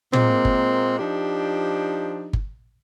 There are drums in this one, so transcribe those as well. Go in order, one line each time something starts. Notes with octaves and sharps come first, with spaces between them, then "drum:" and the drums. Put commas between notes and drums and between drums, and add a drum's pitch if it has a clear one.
A#2 G#3 A#3 C4, drum: tom
drum: kick G1
F3 D4 D#4 G4
drum: kick G1